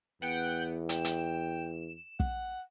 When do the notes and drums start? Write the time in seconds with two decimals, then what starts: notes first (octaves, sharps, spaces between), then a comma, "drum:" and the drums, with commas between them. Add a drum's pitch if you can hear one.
0.22 E2 B3 F#5 G5
0.89 G5 E7, drum: hi-hat
1.05 drum: hi-hat
2.20 F#5, drum: kick